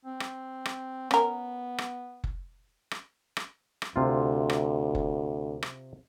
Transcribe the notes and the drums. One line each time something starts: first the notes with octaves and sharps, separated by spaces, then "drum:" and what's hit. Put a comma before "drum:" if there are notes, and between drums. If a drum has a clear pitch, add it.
C4
drum: rim click
drum: rim click
B3 C#4 A#4, drum: rim click
drum: rim click
drum: kick F#1
drum: rim click
drum: rim click
drum: rim click
D2 C3 F4
drum: rim click
drum: kick F#1
drum: rim click